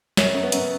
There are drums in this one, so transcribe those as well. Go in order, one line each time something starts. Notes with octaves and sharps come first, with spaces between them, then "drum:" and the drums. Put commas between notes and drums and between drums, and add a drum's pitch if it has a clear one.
F#2 C#4, drum: snare
F#2
B3
F#2, drum: hi-hat